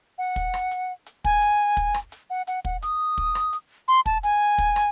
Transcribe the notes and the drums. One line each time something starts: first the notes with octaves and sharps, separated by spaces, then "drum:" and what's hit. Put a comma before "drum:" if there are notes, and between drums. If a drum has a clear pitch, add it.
F#5
drum: kick, hi-hat
drum: rim click
drum: hi-hat
drum: hi-hat
G#5, drum: kick
drum: hi-hat
drum: kick, hi-hat
drum: rim click
drum: hi-hat
F#5
F#5, drum: hi-hat
F#5, drum: kick
D#6, drum: hi-hat
drum: kick
drum: rim click
drum: hi-hat
C6, drum: hi-hat
A5, drum: kick
G#5, drum: hi-hat
drum: kick, hi-hat
drum: rim click